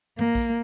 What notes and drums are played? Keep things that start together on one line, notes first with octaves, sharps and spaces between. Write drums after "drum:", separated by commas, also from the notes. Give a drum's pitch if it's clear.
A#3, drum: tom
drum: kick A#1, tambourine